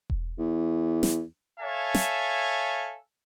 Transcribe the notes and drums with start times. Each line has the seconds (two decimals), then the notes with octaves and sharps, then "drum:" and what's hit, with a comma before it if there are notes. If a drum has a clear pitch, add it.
0.10 drum: kick E1
0.38 E2
1.03 drum: snare
1.60 A4 C#5 E5 F5 G#5 A5
1.95 drum: snare